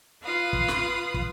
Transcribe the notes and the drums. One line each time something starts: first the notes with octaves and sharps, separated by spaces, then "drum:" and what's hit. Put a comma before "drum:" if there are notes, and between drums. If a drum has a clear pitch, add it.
F4 B4 F5 D#6
drum: kick
drum: snare
drum: kick